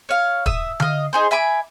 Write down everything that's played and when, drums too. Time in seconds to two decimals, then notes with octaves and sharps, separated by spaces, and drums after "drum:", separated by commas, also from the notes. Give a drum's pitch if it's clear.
0.09 C#5 F5
0.46 E5 D#6, drum: kick
0.80 D#5 F5, drum: tom D3
1.13 D#4 G#4 C5
1.31 E5 G#5 B5 D6